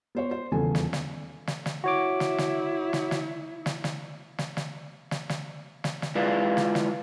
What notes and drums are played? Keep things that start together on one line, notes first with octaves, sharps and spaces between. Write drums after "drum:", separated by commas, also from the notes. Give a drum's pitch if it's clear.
B3 C5 C#5
C5
D#1 E2 C#3 B3 A4 G#5
drum: snare
drum: snare
drum: snare
drum: snare
E4 F#4 C#5 D6
drum: snare
drum: snare
drum: snare
drum: snare
drum: snare
drum: snare
drum: snare
drum: snare
drum: snare
drum: snare
drum: snare
drum: snare
G#3 E4 F4 B4 D5
drum: snare
drum: snare